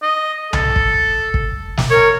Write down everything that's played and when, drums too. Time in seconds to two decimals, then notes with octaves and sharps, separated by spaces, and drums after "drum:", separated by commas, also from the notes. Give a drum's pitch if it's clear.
0.02 D#5
0.53 A4, drum: tom B1
0.76 drum: kick
1.34 drum: kick
1.77 drum: snare
1.90 A#4 C#5